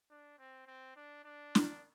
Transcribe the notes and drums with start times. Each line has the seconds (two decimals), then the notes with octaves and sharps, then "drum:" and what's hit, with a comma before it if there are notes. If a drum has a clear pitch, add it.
0.11 D4
0.39 C4
0.67 C4
0.96 D4
1.24 D4
1.55 drum: snare